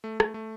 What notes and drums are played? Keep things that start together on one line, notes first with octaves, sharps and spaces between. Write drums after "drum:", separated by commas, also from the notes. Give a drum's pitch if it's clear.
A3
A3, drum: rim click
A3